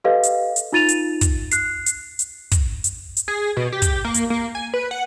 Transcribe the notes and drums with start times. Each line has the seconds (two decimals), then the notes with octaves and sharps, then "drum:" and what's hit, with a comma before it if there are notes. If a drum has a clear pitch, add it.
0.04 G4 A4 B4 D#5 F5
0.24 drum: hi-hat
0.56 drum: hi-hat
0.72 D#4 F4 A6 D#7 F7
0.89 drum: hi-hat
1.21 drum: kick, hi-hat
1.52 F#6 C7, drum: hi-hat
1.86 drum: hi-hat
2.19 drum: hi-hat
2.52 drum: kick, hi-hat
2.84 drum: hi-hat
3.17 drum: hi-hat
3.28 G#4
3.57 B2
3.72 G4
3.82 drum: kick, hi-hat
4.05 A#3
4.14 drum: hi-hat
4.30 A#3
4.55 G#5
4.74 B4
4.91 F#5